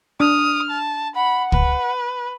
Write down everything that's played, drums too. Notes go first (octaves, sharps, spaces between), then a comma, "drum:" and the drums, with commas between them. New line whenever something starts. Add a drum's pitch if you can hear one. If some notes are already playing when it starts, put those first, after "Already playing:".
D4 D#6 F6
A5
F#5 B5
B4, drum: kick